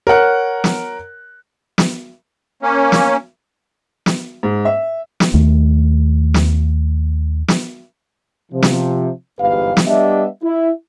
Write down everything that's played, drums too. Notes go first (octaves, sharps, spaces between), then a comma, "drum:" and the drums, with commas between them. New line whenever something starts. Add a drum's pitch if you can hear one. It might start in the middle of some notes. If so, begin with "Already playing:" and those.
A#4 C#5 F#5 F#6
drum: snare
drum: snare
A#3 C#4
drum: snare
drum: snare
G#2
E5
drum: snare
D#2 D#3 A3
drum: snare
drum: snare
C3 F3
drum: snare
G1 E2 G#2 G4 B4 F5
drum: snare
G3 B3 D4 G4 D#5 E5
E4